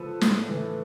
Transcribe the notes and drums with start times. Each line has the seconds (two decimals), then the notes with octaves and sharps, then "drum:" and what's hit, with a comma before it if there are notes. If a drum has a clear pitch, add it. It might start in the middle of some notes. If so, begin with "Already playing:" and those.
Already playing: F3 A4 B4
0.21 A2, drum: snare
0.49 E3